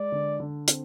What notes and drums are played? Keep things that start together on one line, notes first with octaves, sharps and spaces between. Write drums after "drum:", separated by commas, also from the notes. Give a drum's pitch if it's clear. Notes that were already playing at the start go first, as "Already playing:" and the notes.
Already playing: G#3 D5
D3
D3
C4, drum: hi-hat